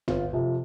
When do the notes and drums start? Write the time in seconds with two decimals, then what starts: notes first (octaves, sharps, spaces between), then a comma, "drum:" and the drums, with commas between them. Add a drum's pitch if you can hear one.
0.08 G1 F4, drum: tom
0.33 F2 C3 F3